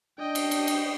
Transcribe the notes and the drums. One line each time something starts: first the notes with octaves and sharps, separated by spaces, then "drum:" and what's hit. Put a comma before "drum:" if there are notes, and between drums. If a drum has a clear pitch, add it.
D4 D#5 G5
drum: cymbal
drum: cymbal
drum: cymbal